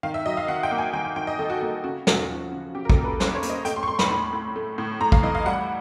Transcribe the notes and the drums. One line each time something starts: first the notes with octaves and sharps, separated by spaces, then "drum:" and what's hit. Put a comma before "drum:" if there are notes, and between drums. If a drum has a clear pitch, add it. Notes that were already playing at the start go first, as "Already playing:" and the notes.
D#3 F5
E5
F#3 D#5
F5
D#3 F#5
G5
A#3
G#5
D#3 G5
G5
D#3 G5
D#5
D#3 A4
F#4
A#3 F#4
C#3 F#4
C#3 F#4, drum: snare
F3
C#3
C#3 G4
A#4
A4, drum: kick A1
A#3
B4
C#3 C5, drum: snare
C#5
A#3, drum: hi-hat
D#5
A3 G5, drum: hi-hat
C6
C#6
A3 C6
B5, drum: snare
A2
A2
A3
A2
A2 A#5
F5, drum: kick A1
E3 D#5
F5
G3 F#5